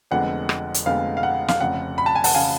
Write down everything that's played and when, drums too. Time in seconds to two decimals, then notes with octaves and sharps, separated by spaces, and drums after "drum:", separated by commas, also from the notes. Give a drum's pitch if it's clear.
0.11 F1 F2 D3 G#3 B3 F#5
0.49 drum: rim click
0.74 drum: hi-hat
0.86 F1 F2 D3 G#3 B3 F5
1.17 F5
1.23 F#5
1.48 F5, drum: snare
1.60 F1 F2 C#3 F#5
1.98 B5
2.06 A5
2.15 G#5
2.24 F#5 A5, drum: open hi-hat
2.35 C#3 F5 G#5